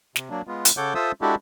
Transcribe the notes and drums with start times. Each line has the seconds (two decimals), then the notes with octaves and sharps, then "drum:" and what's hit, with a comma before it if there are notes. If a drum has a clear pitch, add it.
0.16 C3, drum: snare
0.30 F#3 A#3 D4
0.47 G#3 B3 F4
0.65 drum: hi-hat
0.77 C#3 A4 C#5 F#5 D6 G6
0.95 F4 A4 C5 E5 D#6 E6
1.22 G#3 D4 E4 F#4 G4 A4